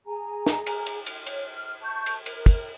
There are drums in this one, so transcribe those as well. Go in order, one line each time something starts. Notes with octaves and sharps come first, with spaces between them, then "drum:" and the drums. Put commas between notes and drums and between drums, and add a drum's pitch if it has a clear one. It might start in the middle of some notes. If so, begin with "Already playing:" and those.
G#4 G#5 A#5
drum: snare
drum: cymbal
drum: cymbal
drum: cymbal
C#5, drum: cymbal
F6
A5 C#6 G6
drum: cymbal
A#4, drum: cymbal
drum: kick, cymbal